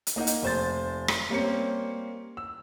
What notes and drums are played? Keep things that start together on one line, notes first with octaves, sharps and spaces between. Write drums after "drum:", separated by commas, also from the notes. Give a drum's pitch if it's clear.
drum: hi-hat
A#3 D#4 D#5 F#5
drum: hi-hat
F1 C5 A6
drum: rim click
G3 A#3 C4 C#4 C#7
E6